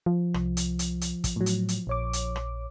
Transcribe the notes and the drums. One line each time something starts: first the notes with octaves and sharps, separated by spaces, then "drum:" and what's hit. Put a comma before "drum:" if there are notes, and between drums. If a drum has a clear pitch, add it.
F3
C2, drum: rim click
drum: hi-hat
drum: hi-hat
drum: hi-hat
drum: kick, hi-hat
A2 F#3
drum: hi-hat
drum: hi-hat
A#1 C#5 D6
drum: hi-hat
drum: rim click